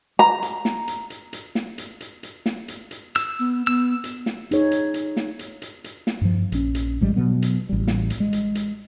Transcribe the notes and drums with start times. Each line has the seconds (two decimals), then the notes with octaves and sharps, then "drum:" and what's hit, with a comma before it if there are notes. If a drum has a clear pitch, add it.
0.19 A#5
0.42 drum: hi-hat
0.65 drum: snare
0.88 drum: hi-hat
1.10 drum: hi-hat
1.33 drum: hi-hat
1.55 drum: snare
1.78 drum: hi-hat
2.00 drum: hi-hat
2.23 drum: hi-hat
2.46 drum: snare
2.68 drum: hi-hat
2.91 drum: hi-hat
3.16 E6, drum: hi-hat
3.39 B3
3.67 B3 E6
4.04 drum: hi-hat
4.26 drum: snare
4.51 D#4 G#4 C#5, drum: hi-hat
4.71 drum: hi-hat
4.94 drum: hi-hat
5.17 drum: snare
5.39 drum: hi-hat
5.62 drum: hi-hat
5.84 drum: hi-hat
6.07 drum: snare
6.21 G2 F3
6.52 A#1 C#4, drum: hi-hat
6.75 drum: hi-hat
7.01 A1 G3 G#3
7.16 B2 F#3 B3
7.42 drum: hi-hat
7.69 A1 G3
7.88 drum: snare
8.10 drum: hi-hat
8.20 G#3
8.33 drum: hi-hat
8.55 drum: hi-hat